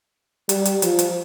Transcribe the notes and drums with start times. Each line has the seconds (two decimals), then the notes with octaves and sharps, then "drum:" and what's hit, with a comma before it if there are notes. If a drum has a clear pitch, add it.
0.49 G3, drum: hi-hat
0.65 drum: hi-hat
0.82 F3, drum: hi-hat
0.99 drum: hi-hat